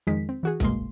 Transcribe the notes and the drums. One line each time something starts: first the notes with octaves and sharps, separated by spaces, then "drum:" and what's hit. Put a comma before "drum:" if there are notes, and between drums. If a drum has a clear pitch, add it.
F2 D#3 G#3 B6
C4
E3 F#4 G#4
G1 C2 B2 G#3 A#3 C6, drum: kick, hi-hat